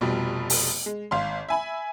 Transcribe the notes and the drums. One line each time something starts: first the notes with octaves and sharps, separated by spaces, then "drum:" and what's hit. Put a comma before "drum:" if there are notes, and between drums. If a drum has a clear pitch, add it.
F1 B2 F3 G3
drum: open hi-hat
G#3
G#1 F5 C6
E5 G#5 B5